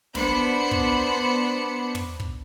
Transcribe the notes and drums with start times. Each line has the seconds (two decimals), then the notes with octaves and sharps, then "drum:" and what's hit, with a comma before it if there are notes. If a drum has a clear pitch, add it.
0.15 B3 D4 C5 B5 C#7, drum: snare
0.71 drum: kick
1.95 drum: tom
2.20 drum: kick